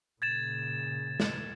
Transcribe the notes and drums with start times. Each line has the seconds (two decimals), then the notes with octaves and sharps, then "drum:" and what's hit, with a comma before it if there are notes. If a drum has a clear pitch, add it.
0.22 A#2 C#3 G#6 A6 E7
1.20 drum: snare